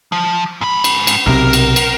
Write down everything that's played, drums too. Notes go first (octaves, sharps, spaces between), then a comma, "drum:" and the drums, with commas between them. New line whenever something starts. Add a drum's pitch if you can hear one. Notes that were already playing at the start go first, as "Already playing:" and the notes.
F3
G#2 B5
drum: cymbal
drum: cymbal
B1 C3 A#4
drum: cymbal
drum: cymbal